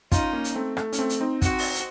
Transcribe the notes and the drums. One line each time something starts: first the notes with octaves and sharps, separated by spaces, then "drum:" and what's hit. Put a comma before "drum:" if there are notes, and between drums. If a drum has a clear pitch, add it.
C#4 D#4 F4, drum: kick, hi-hat
A#3 C#4
drum: hi-hat
A3 C4
A3, drum: rim click
C#4, drum: hi-hat
A3 C4
drum: hi-hat
C4 D#4
F#4, drum: kick, hi-hat
drum: open hi-hat
drum: hi-hat